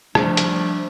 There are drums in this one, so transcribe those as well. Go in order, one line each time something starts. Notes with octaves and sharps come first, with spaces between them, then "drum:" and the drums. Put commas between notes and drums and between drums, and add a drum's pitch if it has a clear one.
F3 G3 A3 D4, drum: rim click
drum: hi-hat